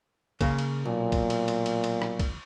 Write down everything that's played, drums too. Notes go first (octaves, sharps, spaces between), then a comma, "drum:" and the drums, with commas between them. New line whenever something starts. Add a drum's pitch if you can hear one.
C#3 A#3, drum: kick, cymbal
drum: cymbal
B1 A#2
drum: kick, cymbal
drum: cymbal
drum: cymbal
drum: cymbal
drum: cymbal
drum: rim click
drum: kick, cymbal